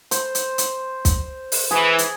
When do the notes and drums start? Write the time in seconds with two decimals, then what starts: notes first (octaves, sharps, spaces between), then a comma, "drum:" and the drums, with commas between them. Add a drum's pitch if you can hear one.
0.11 C5, drum: hi-hat
0.35 drum: hi-hat
0.58 drum: hi-hat
1.05 drum: kick, hi-hat
1.52 drum: open hi-hat
1.71 E3 G#4
1.98 drum: hi-hat